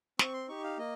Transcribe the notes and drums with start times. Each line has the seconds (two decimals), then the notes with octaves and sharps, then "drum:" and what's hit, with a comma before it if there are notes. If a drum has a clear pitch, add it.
0.19 C4 C#6, drum: snare
0.33 C6
0.48 D#4 G4 C#6
0.64 F5
0.78 A#3 D#5